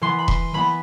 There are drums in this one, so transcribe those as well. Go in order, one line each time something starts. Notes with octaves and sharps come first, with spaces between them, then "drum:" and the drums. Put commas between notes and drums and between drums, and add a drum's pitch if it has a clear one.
E3 B3 C6
B5
C6, drum: kick E1
E3 B3 B5